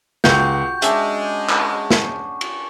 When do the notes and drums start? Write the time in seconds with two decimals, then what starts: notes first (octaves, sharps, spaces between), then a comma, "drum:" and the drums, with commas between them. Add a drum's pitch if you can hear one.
0.24 C#2 F#4 G4 G6, drum: snare
0.82 G#3 C#4 D4 G#4 E5, drum: hi-hat
1.49 drum: clap
1.91 drum: snare
2.41 drum: cymbal